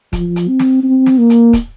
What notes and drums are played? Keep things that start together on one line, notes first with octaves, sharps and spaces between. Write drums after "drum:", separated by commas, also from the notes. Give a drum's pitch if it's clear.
F3, drum: kick, hi-hat
drum: hi-hat
C4
drum: snare
C4
drum: snare
A#3
drum: hi-hat
drum: kick, hi-hat